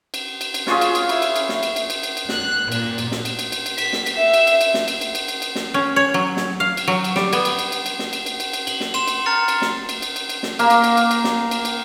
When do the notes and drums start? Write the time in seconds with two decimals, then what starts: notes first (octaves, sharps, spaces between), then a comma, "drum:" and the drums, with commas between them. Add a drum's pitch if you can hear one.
0.14 drum: cymbal
0.41 drum: cymbal
0.54 drum: cymbal
0.67 C#4 F4 F#4 G#4, drum: snare
0.81 drum: cymbal
0.95 drum: cymbal
1.09 E4, drum: cymbal
1.22 drum: cymbal
1.36 drum: cymbal
1.49 drum: snare
1.63 drum: cymbal
1.76 drum: cymbal
1.90 drum: cymbal
2.03 drum: cymbal
2.17 drum: cymbal
2.29 F#6, drum: snare
2.72 A#2, drum: cymbal
2.98 drum: cymbal
3.12 drum: snare
3.25 drum: cymbal
3.39 drum: cymbal
3.52 drum: cymbal
3.66 drum: cymbal
3.78 B6, drum: cymbal
3.93 drum: snare
4.06 drum: cymbal
4.16 E5
4.34 drum: cymbal
4.47 drum: cymbal
4.61 drum: cymbal
4.74 drum: snare
4.88 drum: cymbal
5.01 drum: cymbal
5.15 drum: cymbal
5.28 drum: cymbal
5.42 drum: cymbal
5.55 drum: snare
5.74 C#4
5.96 C#5
6.14 F#3
6.37 drum: snare
6.60 F5
6.77 drum: cymbal
6.88 F#3
7.04 drum: cymbal
7.16 G3, drum: snare
7.33 B3, drum: cymbal
7.45 drum: cymbal
7.59 drum: cymbal
7.72 drum: cymbal
7.86 drum: cymbal
7.99 drum: snare
8.13 drum: cymbal
8.26 drum: cymbal
8.40 drum: cymbal
8.53 drum: cymbal
8.67 F#7, drum: cymbal
8.80 drum: snare
8.94 C6 E7, drum: cymbal
9.08 drum: cymbal
9.26 A#5 F6 A6 C#7
9.48 drum: cymbal
9.62 drum: snare
9.89 drum: cymbal
10.02 drum: cymbal
10.16 drum: cymbal
10.29 drum: cymbal
10.43 drum: snare
10.59 A#3, drum: cymbal
10.70 drum: cymbal
10.84 drum: cymbal
10.97 drum: cymbal
11.11 drum: cymbal
11.24 drum: snare
11.51 drum: cymbal
11.65 drum: cymbal